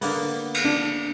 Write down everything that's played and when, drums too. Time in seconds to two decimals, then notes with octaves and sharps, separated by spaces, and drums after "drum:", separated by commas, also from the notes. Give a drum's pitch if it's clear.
0.01 D3 A#3 B3, drum: open hi-hat
0.54 drum: cymbal
0.65 D4